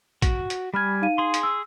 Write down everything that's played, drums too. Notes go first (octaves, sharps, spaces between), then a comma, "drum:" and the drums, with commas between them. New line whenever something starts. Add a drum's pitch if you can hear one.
F#4, drum: kick, hi-hat
drum: hi-hat
G3 G#5 B5 F6 G#6
D#4 F5 D#7
G#4 C6
drum: hi-hat
E6